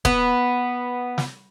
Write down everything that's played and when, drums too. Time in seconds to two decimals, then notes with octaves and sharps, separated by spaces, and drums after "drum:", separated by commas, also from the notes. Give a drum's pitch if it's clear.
0.05 B3, drum: kick
1.18 drum: snare